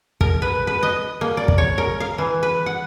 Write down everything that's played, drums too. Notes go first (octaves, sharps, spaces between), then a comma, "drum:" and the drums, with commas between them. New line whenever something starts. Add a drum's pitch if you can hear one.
A#4, drum: kick
B4
B4
D#5
A#3
D5
drum: kick
C#5
A#4
F5
E3
B4
F#5